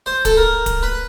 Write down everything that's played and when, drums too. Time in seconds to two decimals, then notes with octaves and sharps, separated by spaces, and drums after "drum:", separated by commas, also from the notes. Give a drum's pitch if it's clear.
0.06 C5
0.25 A4, drum: kick D1, hi-hat
0.37 A#4
0.66 drum: kick D1, hi-hat
0.83 B4